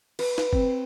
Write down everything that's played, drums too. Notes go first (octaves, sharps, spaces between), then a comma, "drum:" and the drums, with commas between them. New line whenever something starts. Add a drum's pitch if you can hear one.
B4, drum: cymbal
drum: snare
C4, drum: kick